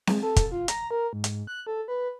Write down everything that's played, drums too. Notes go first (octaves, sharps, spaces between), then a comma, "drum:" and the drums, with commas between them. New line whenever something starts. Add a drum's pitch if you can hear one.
G#3, drum: snare C4
A4
drum: kick, hi-hat
F4
A#5, drum: hi-hat
A#4
G#2
drum: hi-hat
F#6
A4
B4